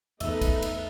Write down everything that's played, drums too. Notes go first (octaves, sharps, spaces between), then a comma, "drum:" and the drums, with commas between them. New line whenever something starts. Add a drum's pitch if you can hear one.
E2 A3 B3 D#4 A4 B4 E5, drum: cymbal
drum: kick, cymbal
drum: cymbal